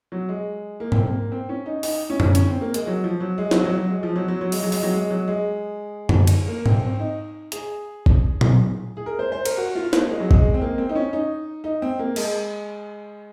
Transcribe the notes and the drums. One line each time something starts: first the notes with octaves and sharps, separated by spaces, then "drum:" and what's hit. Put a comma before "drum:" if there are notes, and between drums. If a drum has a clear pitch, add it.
F#3
G#3
A#3
C4, drum: tom G#2
A#3
C4
C#4
D#4
D#4, drum: open hi-hat
C#4
drum: tom F#2
C#4, drum: hi-hat
C4
A#3
G#3, drum: hi-hat
F#3
F3
F#3
G#3
F#3, drum: snare
F#3
F#3
G#3
F3
F#3
F#3
F#3
G#3, drum: open hi-hat
F#3
G#3, drum: open hi-hat
F#3
G#3
F#3
G#3
drum: tom F#2
drum: cymbal
A#3
C4, drum: tom G#2
C4
D#4
G#4, drum: hi-hat
drum: kick G#1
drum: tom A#2
G#4
A#4
C5
C5
A#4, drum: cymbal
F#4
F4
A#3, drum: snare
G#3
F#3
G#3, drum: kick G#1
C4
A#3
C4
D#4
C#4
D#4
D#4
C4
A#3
G#3, drum: cymbal